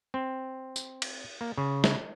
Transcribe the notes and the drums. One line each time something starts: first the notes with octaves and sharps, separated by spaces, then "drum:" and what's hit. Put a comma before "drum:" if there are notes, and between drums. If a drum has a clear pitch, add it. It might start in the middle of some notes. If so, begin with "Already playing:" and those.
C4
drum: tambourine
drum: cymbal
A#3
C#3
drum: snare